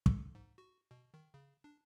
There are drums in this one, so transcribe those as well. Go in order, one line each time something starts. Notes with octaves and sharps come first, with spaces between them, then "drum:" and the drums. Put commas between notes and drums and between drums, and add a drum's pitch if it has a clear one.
A4, drum: kick
G#2
F#4
B2
D#3
C#3
D4